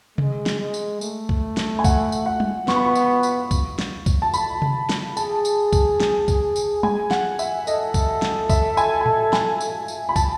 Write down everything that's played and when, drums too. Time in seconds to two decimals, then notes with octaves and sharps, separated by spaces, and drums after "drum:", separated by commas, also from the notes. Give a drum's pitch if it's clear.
0.18 G#3, drum: tom C3
0.46 drum: snare
0.59 G#3
0.74 drum: tambourine
1.01 A3, drum: tambourine
1.29 drum: kick
1.57 drum: snare
1.79 G#5
1.84 F#5, drum: kick, tambourine
2.12 drum: tambourine
2.26 F#5
2.40 drum: tom
2.68 B3 C#6, drum: snare
2.76 B5
2.84 C#6
2.95 drum: tambourine
3.23 drum: tambourine
3.51 drum: kick, tambourine
3.79 drum: snare
4.06 drum: kick, tambourine
4.22 A5
4.34 B5, drum: tambourine
4.62 drum: tom C3
4.89 drum: snare
5.17 G#4 A5, drum: tambourine
5.45 drum: tambourine
5.73 drum: kick, tambourine
6.00 drum: snare
6.28 drum: kick, tambourine
6.56 drum: tambourine
6.83 G#5, drum: tom
7.11 F#5, drum: snare
7.39 E5, drum: tambourine
7.67 A4 D#5, drum: tambourine
7.94 drum: kick, tambourine
8.22 drum: snare
8.50 E5, drum: kick, tambourine
8.77 G#5, drum: tambourine
9.01 G#5
9.06 A5, drum: tom A2
9.33 G#5, drum: snare
9.61 drum: tambourine
9.88 drum: tambourine
10.09 B5
10.16 A5, drum: kick, tambourine